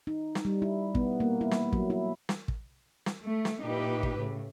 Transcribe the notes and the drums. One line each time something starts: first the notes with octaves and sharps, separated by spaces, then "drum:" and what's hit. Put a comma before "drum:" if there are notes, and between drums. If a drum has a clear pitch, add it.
D#4
drum: snare
G3
E4
B3, drum: kick
A#3
E4
drum: snare
F#3, drum: kick
E4
drum: snare
drum: kick
drum: snare
A3
drum: snare
A#2 D#4 E4 G4 B4
drum: kick
A2 C#3